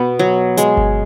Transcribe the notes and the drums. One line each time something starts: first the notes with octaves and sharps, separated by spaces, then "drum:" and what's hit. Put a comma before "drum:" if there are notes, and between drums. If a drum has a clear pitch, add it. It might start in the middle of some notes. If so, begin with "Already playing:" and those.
Already playing: B2 B3
F#3
G#3, drum: hi-hat
drum: kick G1